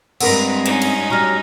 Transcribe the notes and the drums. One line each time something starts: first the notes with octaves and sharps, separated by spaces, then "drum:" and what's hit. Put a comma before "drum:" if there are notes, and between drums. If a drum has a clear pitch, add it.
G2 G#3 C4 A#4 B4 F#5 A#5, drum: cymbal
C#4 D#4, drum: hi-hat
drum: cymbal
F#3 G3 A#5 F6 A#6